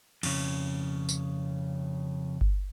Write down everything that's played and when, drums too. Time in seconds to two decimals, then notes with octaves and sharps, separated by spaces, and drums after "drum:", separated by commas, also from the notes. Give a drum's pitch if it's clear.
0.23 F2 C#3, drum: cymbal
1.09 drum: tambourine
2.41 drum: kick G1